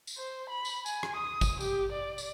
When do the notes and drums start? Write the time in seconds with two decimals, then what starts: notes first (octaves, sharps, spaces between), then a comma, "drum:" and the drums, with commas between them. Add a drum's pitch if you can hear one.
0.07 drum: tambourine
0.18 C5
0.50 B5
0.65 drum: tambourine
0.86 G#5, drum: tambourine
1.03 drum: rim click
1.16 D#6
1.41 drum: kick G#1, tambourine
1.61 G4, drum: tambourine
1.92 D5
2.18 drum: tambourine